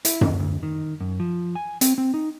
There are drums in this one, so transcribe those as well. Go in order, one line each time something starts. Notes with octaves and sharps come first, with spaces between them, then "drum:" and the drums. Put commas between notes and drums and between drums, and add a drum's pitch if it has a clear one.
E4, drum: hi-hat
D#2, drum: tom F#2
D2
D#3
F#2
F3
G#5
C4, drum: hi-hat
C4
D#4